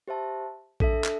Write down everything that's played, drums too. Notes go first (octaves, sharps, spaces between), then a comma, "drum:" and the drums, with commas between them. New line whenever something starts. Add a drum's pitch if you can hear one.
G4 C5 E5 A5
D4 A4 E5, drum: kick A#1
drum: clap